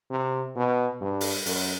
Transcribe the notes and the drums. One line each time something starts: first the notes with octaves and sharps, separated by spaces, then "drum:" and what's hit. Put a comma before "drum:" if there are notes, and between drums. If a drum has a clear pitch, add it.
C3
B2
G2
drum: open hi-hat
F#2, drum: open hi-hat